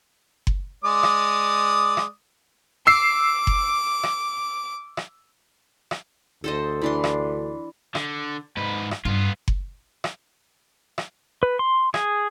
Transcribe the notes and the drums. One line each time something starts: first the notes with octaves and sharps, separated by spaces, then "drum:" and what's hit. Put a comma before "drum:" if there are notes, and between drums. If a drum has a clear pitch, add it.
drum: kick F#1
G#3 D5 D#6
drum: rim click
drum: rim click
D6 E6 C7
drum: kick F#1
drum: rim click
drum: rim click
drum: rim click
D2 A4 C5 D#5
E3 D4 C6
drum: rim click
D3, drum: rim click
G#2 B4
drum: rim click
G2 B3 F4
drum: kick F#1
drum: rim click
drum: rim click
B4
C6
G#4, drum: rim click